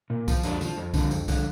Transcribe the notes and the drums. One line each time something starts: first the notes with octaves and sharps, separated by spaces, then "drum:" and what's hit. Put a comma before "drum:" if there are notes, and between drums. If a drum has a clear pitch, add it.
A#2
F3, drum: kick B1, tambourine
F2 D4, drum: tambourine
D3, drum: tambourine
F3
F2
D3 F3, drum: kick B1, tambourine
F2, drum: tambourine
D3 F3, drum: kick B1, tambourine